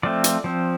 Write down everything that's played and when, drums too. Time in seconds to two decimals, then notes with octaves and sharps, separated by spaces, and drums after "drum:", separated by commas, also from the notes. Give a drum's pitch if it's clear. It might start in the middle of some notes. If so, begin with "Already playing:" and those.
0.03 F3 A3 C4 D5
0.24 drum: hi-hat
0.44 F3 C4